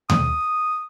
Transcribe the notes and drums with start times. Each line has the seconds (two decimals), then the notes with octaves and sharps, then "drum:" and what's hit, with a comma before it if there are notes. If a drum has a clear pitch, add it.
0.10 D#6, drum: tom D#2